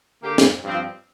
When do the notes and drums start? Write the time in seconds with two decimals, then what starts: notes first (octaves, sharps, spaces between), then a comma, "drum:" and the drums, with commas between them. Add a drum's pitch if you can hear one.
0.22 D3 A#3 G4
0.38 drum: snare
0.63 G2 F3 C4 F4